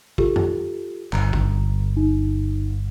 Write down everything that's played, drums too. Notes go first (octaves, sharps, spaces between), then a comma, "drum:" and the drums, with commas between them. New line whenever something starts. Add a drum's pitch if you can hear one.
F4 G4 A4, drum: kick
drum: tom F2
G1 A#5, drum: clap
drum: kick
D#4